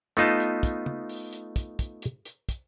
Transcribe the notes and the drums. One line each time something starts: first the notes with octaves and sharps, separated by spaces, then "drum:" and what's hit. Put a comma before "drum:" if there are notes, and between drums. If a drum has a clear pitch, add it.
A3 B3 D#4 F4 D#5 A5, drum: hi-hat
drum: hi-hat
drum: kick, hi-hat
drum: tom
drum: open hi-hat
drum: hi-hat
drum: kick, hi-hat
drum: kick, hi-hat
drum: hi-hat
drum: hi-hat
drum: kick, hi-hat